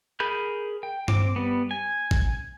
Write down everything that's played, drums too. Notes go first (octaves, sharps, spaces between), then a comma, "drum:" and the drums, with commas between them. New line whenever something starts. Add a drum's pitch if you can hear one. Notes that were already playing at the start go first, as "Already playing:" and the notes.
G#4 A#4 B5 G6
G5
C4 D6, drum: tom G2
G3 B3
G#5
drum: kick G#1